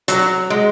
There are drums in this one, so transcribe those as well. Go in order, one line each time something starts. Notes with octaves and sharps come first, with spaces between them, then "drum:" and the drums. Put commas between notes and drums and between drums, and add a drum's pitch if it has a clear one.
F#3, drum: hi-hat
G#3